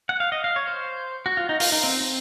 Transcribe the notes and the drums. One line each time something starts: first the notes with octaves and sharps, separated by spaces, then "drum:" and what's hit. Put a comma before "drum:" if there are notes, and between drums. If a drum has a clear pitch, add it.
F#5
F5
D#5
F5
C#5
C5
F#4
F4
D#4
F4, drum: open hi-hat
D#4
C4
C4